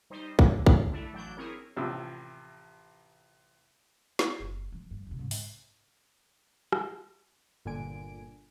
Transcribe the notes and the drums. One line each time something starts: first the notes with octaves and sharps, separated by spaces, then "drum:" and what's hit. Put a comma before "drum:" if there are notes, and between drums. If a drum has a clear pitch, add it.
G3 D#4 C5
D3, drum: kick
drum: kick
A3 D4 E4
A1 F#3 D4 G6
C4 E4 G#4 A#4 C#5
A1 C3 F3 E6
drum: snare
F#1
F3
G2
E2 C3
G#2 C#3
drum: open hi-hat
drum: rim click
G1 A#2 D3 G#5 D7